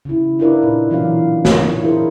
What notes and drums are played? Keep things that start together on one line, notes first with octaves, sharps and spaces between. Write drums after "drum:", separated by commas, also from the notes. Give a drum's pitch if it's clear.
C#3 E4
D4 E4 F4 A#4 B4 D5
A#2 D#4
B2 E3 F#3 C#4 F4 F5
C#5, drum: snare
E4 F4 G#4 A#4 C5